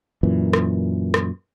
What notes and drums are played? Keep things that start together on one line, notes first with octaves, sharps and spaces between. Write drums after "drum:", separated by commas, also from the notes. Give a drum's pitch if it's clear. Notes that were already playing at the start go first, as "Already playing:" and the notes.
F#2 A#2 E3
drum: rim click
drum: rim click